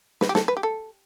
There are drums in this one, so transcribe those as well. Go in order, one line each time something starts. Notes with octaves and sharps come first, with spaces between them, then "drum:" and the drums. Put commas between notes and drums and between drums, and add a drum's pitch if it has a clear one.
B4, drum: snare
G4
A4, drum: snare
B4
G4
A4